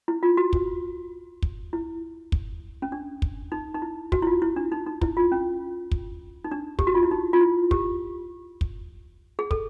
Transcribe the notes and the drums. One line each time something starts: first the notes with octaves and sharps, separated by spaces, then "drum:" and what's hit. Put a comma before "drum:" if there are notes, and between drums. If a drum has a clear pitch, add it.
E4
F4
F#4
drum: kick
drum: kick
E4
drum: kick
C#4
D4
drum: kick
D#4
D#4
E4
F#4, drum: kick
E4
F4
E4
D4
D#4
D#4
E4, drum: kick
F4
C#4
drum: kick
D#4
D4
G4, drum: kick
F#4
F4
E4
D#4
F4
E4
G4, drum: kick
drum: kick
G#4
A4, drum: kick